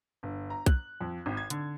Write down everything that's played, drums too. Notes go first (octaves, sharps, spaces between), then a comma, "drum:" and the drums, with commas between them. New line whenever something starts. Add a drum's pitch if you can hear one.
G1
A#5
F#6, drum: kick B1, hi-hat
F2
G#1
G#6
D3, drum: hi-hat